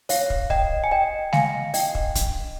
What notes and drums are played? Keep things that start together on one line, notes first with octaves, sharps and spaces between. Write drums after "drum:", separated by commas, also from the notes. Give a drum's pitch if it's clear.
C#5 F5, drum: open hi-hat
drum: kick
D#5 G5, drum: kick
G#5
D#5 G5
F5 G#5, drum: snare G#3
D#5 G5, drum: open hi-hat
drum: kick
drum: kick, hi-hat